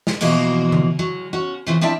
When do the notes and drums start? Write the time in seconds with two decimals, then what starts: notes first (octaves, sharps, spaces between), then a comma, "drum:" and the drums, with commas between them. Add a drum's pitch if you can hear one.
0.07 drum: snare
0.21 B2 E3 F3 A#3 F#4, drum: cymbal
0.72 drum: tom C#3
0.99 F#3
1.33 C#4 F#4 F#5
1.66 C#3 E3 C4 F4
1.81 F3 C4 D4 E4 E5 A5